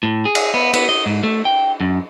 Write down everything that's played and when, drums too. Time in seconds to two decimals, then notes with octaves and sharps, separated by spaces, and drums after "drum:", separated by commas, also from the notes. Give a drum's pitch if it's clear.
0.03 A2
0.25 G#4
0.35 drum: cymbal
0.54 B3
0.73 B3, drum: cymbal
0.89 D#5
1.06 G#2
1.23 A3
1.45 G5
1.81 F#2